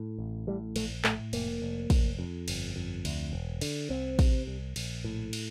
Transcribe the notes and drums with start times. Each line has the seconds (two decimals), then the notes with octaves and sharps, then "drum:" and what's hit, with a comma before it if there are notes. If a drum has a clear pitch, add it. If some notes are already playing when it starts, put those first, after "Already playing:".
Already playing: A2
0.19 A1
0.47 A2 G3
0.76 A#1 A3, drum: cymbal
1.04 A2 A3, drum: clap
1.33 F1 A#3, drum: cymbal
1.62 F1
1.90 F1, drum: kick, cymbal
2.19 F2
2.48 G1, drum: cymbal
2.76 F2
3.05 D2, drum: cymbal
3.33 E1
3.61 D3, drum: cymbal
3.90 C2 C4
4.19 C3, drum: kick, cymbal
4.47 C2
4.76 A#1, drum: cymbal
5.04 A2
5.33 drum: cymbal